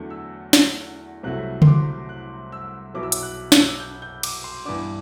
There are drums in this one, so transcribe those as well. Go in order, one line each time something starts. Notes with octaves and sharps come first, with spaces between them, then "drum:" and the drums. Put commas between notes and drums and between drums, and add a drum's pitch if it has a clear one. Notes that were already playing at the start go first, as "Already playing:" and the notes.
Already playing: E2 D3 F#3 A3
E6
drum: snare
C2 C3 F#3 A3 E4 F#6
C6, drum: tom C#3
D6
F#6
E6
B1 B2 F#3 B3 E4 D6
E6
D6, drum: hi-hat
F#6
F#6, drum: snare
E6
F#6
G6
G6
D6, drum: cymbal
C6
G2 E3 B3 D4 D6